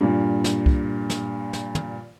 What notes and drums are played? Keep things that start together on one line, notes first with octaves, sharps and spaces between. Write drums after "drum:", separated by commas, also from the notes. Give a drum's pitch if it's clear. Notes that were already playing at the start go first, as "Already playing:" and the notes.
G2 A#2
drum: snare
drum: kick
drum: snare
drum: snare
drum: tom